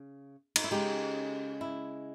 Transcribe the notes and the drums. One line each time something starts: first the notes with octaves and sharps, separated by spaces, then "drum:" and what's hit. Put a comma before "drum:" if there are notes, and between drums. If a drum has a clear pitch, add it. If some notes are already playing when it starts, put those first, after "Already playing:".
Already playing: C#3
D#4, drum: cymbal
E4
C#3 G#3 C#4 D#4 G4
E4